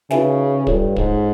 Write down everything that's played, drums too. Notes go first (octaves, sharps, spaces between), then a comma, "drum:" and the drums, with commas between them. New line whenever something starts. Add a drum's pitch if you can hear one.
C#3 D#4 F#4 B4 E5 G#5, drum: snare
G2 F4 A4 C#5, drum: kick
G#2, drum: kick